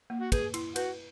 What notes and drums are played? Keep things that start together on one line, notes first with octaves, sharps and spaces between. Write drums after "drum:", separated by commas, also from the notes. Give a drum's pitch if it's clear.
A#3
F#4
G#4 B4, drum: kick, cymbal
E4, drum: cymbal
F#4 B4, drum: cymbal